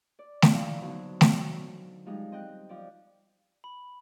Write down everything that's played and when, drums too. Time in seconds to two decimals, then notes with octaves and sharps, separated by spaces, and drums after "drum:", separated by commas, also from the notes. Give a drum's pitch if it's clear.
0.19 D5
0.42 drum: snare A3
0.53 D3 E3 F3 A#3 E4 F4
0.82 D3 F#3 B3 D#4 C5
1.21 drum: snare A3
2.06 F3 G3 G#3 D#4
2.32 C4 D#5 G5 F#6
2.69 F3 D5
3.64 B5